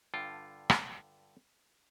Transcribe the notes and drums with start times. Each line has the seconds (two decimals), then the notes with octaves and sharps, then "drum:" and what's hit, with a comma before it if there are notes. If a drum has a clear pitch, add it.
0.14 G2 D3 F4 G5
0.70 drum: rim click